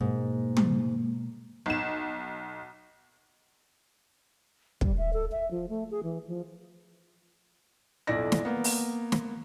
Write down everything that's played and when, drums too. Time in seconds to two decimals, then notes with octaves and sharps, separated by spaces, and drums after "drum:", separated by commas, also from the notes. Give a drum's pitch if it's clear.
0.01 G#2 B2 G#3 A#3
0.57 drum: tom
1.66 B1 E7
4.81 G3, drum: kick
4.98 E5
5.13 A4
5.32 E5
5.51 F3
5.69 A3
5.91 G#4
6.03 E3
6.28 F3
8.07 B1 F2 E4 D5 A#6
8.32 drum: snare
8.45 A#3 B3
8.64 drum: open hi-hat
9.12 drum: snare